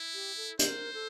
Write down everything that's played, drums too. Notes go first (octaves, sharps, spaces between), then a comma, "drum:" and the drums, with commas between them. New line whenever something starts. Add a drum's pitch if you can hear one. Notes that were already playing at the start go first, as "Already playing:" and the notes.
Already playing: E4
G4
A4
A#4 C5, drum: hi-hat
A4